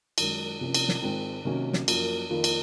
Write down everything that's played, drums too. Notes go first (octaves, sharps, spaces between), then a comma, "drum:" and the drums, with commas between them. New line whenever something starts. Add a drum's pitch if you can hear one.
F#2 D#3 G#3, drum: cymbal
C3 F3 A#3 C#4
drum: cymbal
drum: snare
G#2 D#3 G#3 C4 F4
C3 D#3 F#3 A#3 C#4
drum: snare
F#2 F3 A#3, drum: cymbal
F2 D#3 A#3 F4
drum: cymbal